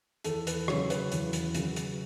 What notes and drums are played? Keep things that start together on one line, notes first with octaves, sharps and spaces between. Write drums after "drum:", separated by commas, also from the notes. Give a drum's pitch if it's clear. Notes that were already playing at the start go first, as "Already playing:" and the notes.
E2 A4, drum: hi-hat
B4, drum: hi-hat
C#3 F#3 C#5, drum: rim click
B4, drum: hi-hat
E2, drum: hi-hat
drum: hi-hat
C#3 F#3, drum: hi-hat
drum: hi-hat